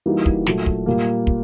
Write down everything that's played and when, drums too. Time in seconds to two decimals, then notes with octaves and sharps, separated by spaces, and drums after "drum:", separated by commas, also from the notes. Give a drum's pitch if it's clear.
0.06 E3 G3 A#3 D#4 F#4
0.26 drum: kick
0.46 A#2 F#3 A3, drum: snare
0.66 drum: kick
0.86 A#2 G3 A#3
1.27 drum: kick